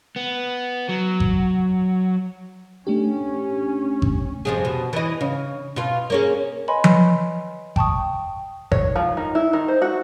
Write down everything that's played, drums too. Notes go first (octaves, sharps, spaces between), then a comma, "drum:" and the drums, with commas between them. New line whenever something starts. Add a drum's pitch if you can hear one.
B3
F#3
drum: kick G#1
A3 C#4 D4 G4
drum: kick G#1
F2 C3 G#4
B2
E3 D#5
C#3
B2 F4
A#3 C#4 G#4
B4 C#5 D#5 G#5 B5 C6
drum: tom F3
G5 A5 C#6 D#6, drum: kick G#1
C#5, drum: kick G#1
F3
D#3
E4
D#3
C5
F#4